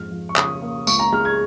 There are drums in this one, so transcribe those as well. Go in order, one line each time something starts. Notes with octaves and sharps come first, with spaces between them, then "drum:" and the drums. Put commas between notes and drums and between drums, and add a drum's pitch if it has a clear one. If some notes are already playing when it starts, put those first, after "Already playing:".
Already playing: F2 G#2 F6
F3
C#6
C#3 D#6, drum: clap
A#3
C#2 C#6, drum: tambourine
A#5
G#3 F6
G#6